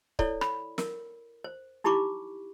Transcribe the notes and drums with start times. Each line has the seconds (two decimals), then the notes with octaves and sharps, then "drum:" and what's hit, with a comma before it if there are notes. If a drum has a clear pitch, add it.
0.19 E4 A4 C#5 D5, drum: kick C#1
0.41 B5, drum: rim click
0.78 A#4, drum: snare
1.44 C5
1.84 D#4 E4 G4 B5 C#6 D6